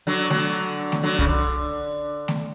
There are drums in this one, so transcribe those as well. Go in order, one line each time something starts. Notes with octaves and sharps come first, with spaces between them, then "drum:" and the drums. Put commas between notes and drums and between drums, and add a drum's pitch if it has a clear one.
D3 F#3
D3 F#3, drum: snare A3
drum: snare A3
D3 F#3
C#3, drum: kick C2
D3
drum: snare A3